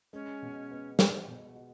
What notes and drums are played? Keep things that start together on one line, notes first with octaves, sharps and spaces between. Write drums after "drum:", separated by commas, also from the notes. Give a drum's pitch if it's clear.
G#3 C#4
B2
B3
F#4, drum: snare
B2
F#4